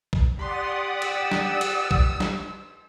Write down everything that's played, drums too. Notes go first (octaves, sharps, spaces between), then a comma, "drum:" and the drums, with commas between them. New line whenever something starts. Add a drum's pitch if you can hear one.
drum: kick A#1
G4 D5 F#5 C6 D#6
E6, drum: cymbal
drum: snare
drum: cymbal
drum: kick A#1
drum: snare